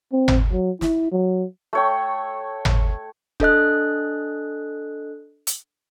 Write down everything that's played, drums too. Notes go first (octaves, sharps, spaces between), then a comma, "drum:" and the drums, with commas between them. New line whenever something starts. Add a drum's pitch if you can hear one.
C4
drum: tom G#1
F#3
E4, drum: snare
F#3
A3 C#5 G5
drum: tom G#1
D4 A4 D#5 F#6, drum: kick
drum: hi-hat